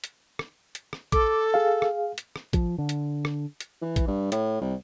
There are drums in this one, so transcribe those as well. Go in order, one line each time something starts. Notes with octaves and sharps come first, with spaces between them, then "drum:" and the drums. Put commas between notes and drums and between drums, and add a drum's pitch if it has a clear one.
drum: hi-hat
drum: rim click
drum: hi-hat
drum: rim click
A4 D6, drum: kick A#1, hi-hat
G#4 F5
drum: rim click
drum: hi-hat
drum: rim click
F3, drum: kick A#1, hi-hat
D3
drum: hi-hat
drum: rim click
drum: hi-hat
E3
drum: kick A#1, hi-hat
G2
A2, drum: hi-hat
C2